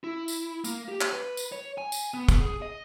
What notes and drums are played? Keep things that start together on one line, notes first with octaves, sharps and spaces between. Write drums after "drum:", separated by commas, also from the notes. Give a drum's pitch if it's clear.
E4
drum: tambourine
A#3, drum: tambourine
G4
drum: clap
B4
drum: tambourine
C#5
G#5
drum: tambourine
B3
drum: kick, tambourine
G#4
D#5